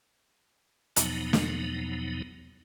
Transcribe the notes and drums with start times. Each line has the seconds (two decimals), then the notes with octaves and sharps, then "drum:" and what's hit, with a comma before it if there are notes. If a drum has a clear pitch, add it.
0.96 E2 B2 F3 F#3 B3 D#4, drum: hi-hat
1.33 drum: snare